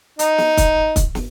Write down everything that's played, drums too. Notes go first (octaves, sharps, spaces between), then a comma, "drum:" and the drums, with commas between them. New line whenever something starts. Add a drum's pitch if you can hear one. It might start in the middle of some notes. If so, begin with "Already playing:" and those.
D#4, drum: hi-hat
drum: snare
drum: kick, hi-hat
drum: kick, hi-hat
drum: snare